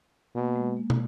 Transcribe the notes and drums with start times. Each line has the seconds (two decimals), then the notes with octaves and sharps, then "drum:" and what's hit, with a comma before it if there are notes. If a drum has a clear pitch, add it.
0.35 B2 A#3
0.56 G#3
0.77 A#3
0.90 drum: tom